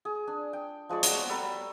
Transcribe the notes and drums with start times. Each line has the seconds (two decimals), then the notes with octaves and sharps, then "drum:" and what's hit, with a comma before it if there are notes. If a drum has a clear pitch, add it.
0.05 G#4
0.27 D4
0.53 G5
0.89 F3 G#3 C#5 D5
1.03 F#4 C#5, drum: hi-hat
1.29 G3 A4 A#5 B5